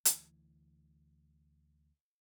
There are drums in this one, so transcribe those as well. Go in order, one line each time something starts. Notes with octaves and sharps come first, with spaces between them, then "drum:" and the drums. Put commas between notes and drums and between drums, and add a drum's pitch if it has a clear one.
D2 E3, drum: hi-hat